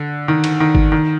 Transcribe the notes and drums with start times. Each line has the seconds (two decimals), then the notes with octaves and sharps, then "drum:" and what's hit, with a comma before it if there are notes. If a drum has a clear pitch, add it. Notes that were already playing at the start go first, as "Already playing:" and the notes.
Already playing: D3
0.28 D#3
0.44 drum: cymbal
0.60 D#3
0.75 drum: kick
0.92 D#3